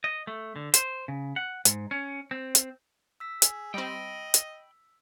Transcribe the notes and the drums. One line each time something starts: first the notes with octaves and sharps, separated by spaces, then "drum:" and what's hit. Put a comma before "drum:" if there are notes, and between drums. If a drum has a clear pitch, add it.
D#5
A3
D3
C5, drum: hi-hat
C#3
F#5
G#2, drum: hi-hat
C#4
C4
drum: hi-hat
E6 B6
G#4, drum: hi-hat
G3 C4 D#5 G5 B5
drum: hi-hat